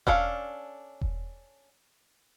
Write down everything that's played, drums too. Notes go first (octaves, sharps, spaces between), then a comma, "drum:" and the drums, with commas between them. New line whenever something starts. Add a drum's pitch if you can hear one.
C#4 D4 A4 F5, drum: kick E1
drum: kick E1